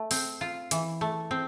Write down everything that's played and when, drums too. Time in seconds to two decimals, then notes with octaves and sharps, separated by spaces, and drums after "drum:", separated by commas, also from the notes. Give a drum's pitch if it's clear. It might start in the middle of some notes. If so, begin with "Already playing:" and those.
Already playing: A3
0.11 C4, drum: open hi-hat
0.41 F4
0.71 E3, drum: hi-hat
1.01 A3
1.31 C4